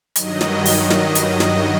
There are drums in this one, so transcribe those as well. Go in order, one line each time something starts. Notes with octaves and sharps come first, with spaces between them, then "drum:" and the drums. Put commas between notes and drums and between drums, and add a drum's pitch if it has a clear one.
G2 D#3 F#3 D#5, drum: hi-hat
drum: snare
drum: open hi-hat
drum: snare
drum: hi-hat
drum: snare